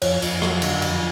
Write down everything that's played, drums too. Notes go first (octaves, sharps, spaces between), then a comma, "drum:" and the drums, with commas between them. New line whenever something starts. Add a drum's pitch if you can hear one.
F2 C#5, drum: cymbal
F2, drum: cymbal
F#3, drum: rim click
D3, drum: cymbal
F2, drum: cymbal